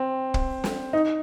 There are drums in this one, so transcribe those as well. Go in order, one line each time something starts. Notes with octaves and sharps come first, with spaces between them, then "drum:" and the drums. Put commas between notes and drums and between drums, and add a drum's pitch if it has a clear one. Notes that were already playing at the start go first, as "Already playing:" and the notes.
Already playing: C4
drum: kick
drum: snare
D#4